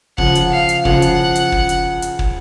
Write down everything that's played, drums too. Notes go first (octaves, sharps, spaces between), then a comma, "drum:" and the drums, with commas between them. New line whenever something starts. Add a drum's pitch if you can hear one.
C#3 F3 F#5, drum: kick
drum: hi-hat
F5
drum: hi-hat
C#3 F3 F#5, drum: kick
drum: hi-hat
drum: hi-hat
drum: kick
drum: hi-hat
drum: hi-hat
drum: kick